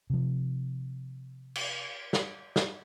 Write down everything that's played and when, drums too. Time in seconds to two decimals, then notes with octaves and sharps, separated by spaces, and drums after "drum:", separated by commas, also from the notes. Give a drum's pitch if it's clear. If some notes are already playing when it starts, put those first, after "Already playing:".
0.10 C3 F3
1.55 drum: cymbal
2.13 drum: snare
2.56 drum: snare